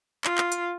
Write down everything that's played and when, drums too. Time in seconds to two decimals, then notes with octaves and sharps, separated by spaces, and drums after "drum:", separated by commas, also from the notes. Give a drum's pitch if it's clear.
0.24 F4, drum: clap
0.38 drum: clap
0.52 drum: hi-hat